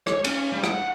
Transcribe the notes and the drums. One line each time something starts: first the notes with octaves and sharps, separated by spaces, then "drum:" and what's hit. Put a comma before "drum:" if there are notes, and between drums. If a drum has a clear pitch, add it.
C#5, drum: rim click
C#4, drum: cymbal
G3
F#5, drum: rim click